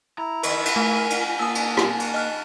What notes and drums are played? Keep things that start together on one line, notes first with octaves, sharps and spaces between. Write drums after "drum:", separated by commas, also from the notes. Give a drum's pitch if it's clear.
E4 A#5
A#4 D#5, drum: cymbal
drum: cymbal
A3 A#4 G#5
F6 D#7
drum: cymbal
A#3 A5 D#6 E6
drum: cymbal
drum: rim click
drum: cymbal
D#5 F6 F#6